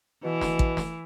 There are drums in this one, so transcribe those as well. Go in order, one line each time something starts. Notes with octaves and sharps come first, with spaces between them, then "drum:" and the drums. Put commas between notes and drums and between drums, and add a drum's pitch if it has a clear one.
B2 E3
drum: snare
drum: kick
drum: snare